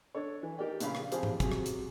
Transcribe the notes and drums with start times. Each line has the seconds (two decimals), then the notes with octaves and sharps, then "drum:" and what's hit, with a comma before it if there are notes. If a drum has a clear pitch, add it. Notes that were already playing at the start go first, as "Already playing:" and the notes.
0.15 D4 A4 C#5
0.43 E3
0.58 D#4 G4 A#4 D5 G5
0.80 A#1 C#3 D4 F5 B5, drum: hi-hat
0.95 drum: rim click
1.12 F3 C4 G4 G#4 C5, drum: hi-hat
1.23 drum: tom G#2
1.40 C3 F#3 G#4, drum: kick, hi-hat
1.52 drum: rim click
1.66 drum: hi-hat